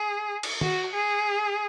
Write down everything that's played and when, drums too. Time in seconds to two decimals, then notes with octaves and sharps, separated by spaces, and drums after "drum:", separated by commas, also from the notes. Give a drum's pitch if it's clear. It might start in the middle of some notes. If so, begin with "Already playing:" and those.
Already playing: G#4
0.43 drum: cymbal
0.61 F#4, drum: tom
0.93 G#4